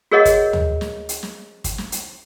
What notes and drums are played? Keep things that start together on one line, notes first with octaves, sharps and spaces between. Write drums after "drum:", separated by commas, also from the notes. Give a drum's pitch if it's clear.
F#4 G#4 A#4 C#5 D#5 F#5
drum: kick, hi-hat
drum: tom
drum: snare
drum: hi-hat
drum: snare
drum: kick, hi-hat
drum: snare
drum: hi-hat